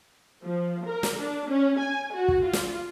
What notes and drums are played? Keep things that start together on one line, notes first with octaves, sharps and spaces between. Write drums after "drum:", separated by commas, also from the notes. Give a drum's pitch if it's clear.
F3
A#4
drum: snare
D4
C#4
G#5
F#4
drum: kick
F4
drum: snare